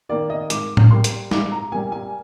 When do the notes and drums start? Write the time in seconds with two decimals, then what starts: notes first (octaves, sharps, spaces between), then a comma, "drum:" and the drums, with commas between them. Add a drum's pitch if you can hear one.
0.09 D#3 A#3 D5
0.30 D#5
0.50 G#2 D6, drum: hi-hat
0.77 drum: tom A2
0.91 G3 A#3 C6
1.04 drum: hi-hat
1.31 G#2 D6, drum: snare
1.52 A#5
1.72 G3 A#3 G#5
1.92 G#5